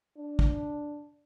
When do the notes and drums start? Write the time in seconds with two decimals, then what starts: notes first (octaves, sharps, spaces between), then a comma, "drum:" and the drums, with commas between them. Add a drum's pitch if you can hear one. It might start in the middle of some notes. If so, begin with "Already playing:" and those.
0.17 D4
0.39 drum: kick